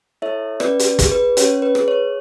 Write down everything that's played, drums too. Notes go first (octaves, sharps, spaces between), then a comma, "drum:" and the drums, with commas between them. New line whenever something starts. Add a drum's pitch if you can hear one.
E4 A4 C#5 E5
C#4 B4 D5, drum: rim click
drum: hi-hat
G#4, drum: kick, hi-hat
B4
C#4 C#5, drum: hi-hat
B4
G#4, drum: rim click
C#5